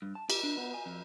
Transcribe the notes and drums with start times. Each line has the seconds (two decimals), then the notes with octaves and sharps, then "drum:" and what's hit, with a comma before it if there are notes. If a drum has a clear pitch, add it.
0.02 G2
0.15 A5
0.30 G4, drum: cymbal
0.43 D4
0.57 B3
0.74 G#5
0.86 F2